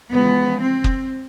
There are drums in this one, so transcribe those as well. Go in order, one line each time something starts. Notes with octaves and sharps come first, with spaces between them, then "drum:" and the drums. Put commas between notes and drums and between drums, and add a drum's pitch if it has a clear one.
E2 C#3 F3 G#3 B3
C4
drum: kick